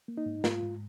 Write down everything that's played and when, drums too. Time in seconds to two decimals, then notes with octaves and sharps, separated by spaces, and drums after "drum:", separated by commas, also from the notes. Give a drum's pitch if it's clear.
0.08 A#3
0.17 D#4
0.26 G#2
0.44 G#2 F4, drum: snare
0.63 G#2